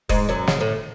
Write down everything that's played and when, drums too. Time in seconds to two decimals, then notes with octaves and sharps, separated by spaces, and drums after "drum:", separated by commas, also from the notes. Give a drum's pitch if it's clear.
0.09 G#2 G#3, drum: kick E1, open hi-hat
0.29 F#2 F#3
0.47 C#3, drum: snare
0.61 A2